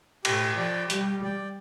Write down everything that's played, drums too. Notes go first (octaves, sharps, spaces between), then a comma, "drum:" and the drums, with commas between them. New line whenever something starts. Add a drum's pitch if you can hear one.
A2 G4, drum: cymbal
F3 D5 G5
G3 G4, drum: hi-hat
D5 G5